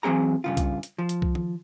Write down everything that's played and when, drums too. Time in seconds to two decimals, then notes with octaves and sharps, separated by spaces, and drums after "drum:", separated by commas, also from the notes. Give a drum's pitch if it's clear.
0.03 E3 F#3 C4 G#4 A#5
0.44 G2 C#3 F4
0.57 drum: kick C2, hi-hat
0.83 drum: hi-hat
0.98 F3
1.09 drum: hi-hat
1.22 drum: kick C2
1.35 drum: tom D#3